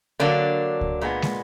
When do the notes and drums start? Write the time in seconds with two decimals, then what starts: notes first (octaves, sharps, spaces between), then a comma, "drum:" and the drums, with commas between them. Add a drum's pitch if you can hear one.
0.20 D3 F#3 A#3 D4
0.81 drum: kick C#2
1.01 A#2 G#3 B3
1.22 drum: snare